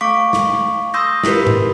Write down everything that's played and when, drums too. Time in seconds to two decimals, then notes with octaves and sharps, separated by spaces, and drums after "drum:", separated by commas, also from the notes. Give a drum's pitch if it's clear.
0.01 A3 F5 C#6 D6 B6
0.33 drum: snare
0.94 C6 D#6 E6 G6 A#6
1.23 E4 F4 G4 A#4 B4, drum: snare
1.47 drum: tom G2